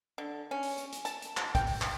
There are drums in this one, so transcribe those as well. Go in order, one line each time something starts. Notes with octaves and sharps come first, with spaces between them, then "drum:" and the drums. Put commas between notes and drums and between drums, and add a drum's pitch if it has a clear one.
D3
C#4
drum: open hi-hat
drum: hi-hat
drum: hi-hat
A5, drum: hi-hat
drum: hi-hat
drum: clap
G5, drum: kick, hi-hat
drum: open hi-hat
drum: clap